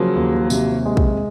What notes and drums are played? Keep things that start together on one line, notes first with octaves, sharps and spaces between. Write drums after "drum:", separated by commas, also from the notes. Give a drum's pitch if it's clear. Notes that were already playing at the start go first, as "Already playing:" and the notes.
Already playing: C#3 F3 F#3 A#3
D#2
C3, drum: tambourine
G#3
drum: kick